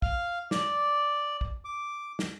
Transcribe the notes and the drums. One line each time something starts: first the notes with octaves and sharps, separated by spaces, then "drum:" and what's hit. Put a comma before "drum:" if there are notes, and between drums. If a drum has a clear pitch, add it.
F5, drum: kick
D5, drum: snare
drum: kick
D6
drum: snare